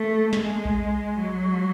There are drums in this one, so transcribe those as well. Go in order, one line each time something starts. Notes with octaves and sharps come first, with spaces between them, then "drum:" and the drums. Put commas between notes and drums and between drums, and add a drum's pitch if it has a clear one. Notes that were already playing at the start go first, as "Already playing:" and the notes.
Already playing: A3
G#3, drum: snare
drum: kick B1
F#3